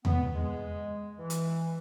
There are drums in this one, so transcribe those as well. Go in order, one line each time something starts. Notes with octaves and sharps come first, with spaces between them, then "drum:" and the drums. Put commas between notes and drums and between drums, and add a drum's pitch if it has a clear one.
B3, drum: tom E2
G#3
E3
drum: hi-hat